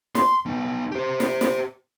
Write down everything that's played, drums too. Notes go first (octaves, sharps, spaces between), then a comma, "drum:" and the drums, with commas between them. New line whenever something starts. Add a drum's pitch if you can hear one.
C6, drum: snare
B3 D#4
G4 C5
drum: snare
drum: snare